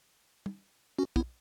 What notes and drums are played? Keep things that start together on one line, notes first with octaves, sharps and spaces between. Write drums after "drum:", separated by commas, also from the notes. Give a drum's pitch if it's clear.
drum: tom
C#4 F#4
B3 E4, drum: kick